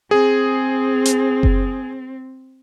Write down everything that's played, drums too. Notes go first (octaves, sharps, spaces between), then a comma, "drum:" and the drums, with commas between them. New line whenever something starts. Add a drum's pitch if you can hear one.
C4 G#4
drum: hi-hat
drum: kick F#1